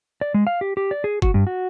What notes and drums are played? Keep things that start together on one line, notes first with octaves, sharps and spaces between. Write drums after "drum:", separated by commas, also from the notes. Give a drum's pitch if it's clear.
D5
G#3
F5
G4
G4
D5
G#4
F#4, drum: kick F#1
G2
F#4